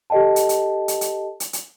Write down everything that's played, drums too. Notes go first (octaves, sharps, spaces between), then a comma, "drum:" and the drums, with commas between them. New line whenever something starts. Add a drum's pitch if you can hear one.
G4 A4 D#5 G5 A5
drum: hi-hat
drum: hi-hat
drum: hi-hat
drum: hi-hat
drum: hi-hat
drum: hi-hat